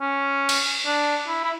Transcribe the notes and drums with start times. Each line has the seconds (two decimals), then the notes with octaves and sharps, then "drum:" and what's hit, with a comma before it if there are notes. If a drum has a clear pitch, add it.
0.01 C#4
0.49 drum: cymbal
0.86 D4
1.28 E4
1.44 E4